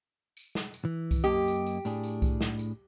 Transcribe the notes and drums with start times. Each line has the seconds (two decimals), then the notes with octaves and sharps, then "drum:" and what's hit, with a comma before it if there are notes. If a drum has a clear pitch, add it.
0.37 drum: tambourine
0.55 drum: snare
0.74 drum: tambourine
0.85 E3
1.11 drum: kick C2, tambourine
1.24 F#2 A#3 G4 D#5
1.48 drum: tambourine
1.67 drum: tambourine
1.85 A2 D4 G#4, drum: tambourine
2.04 drum: tambourine
2.22 drum: kick C2, tambourine
2.41 drum: snare
2.59 drum: tambourine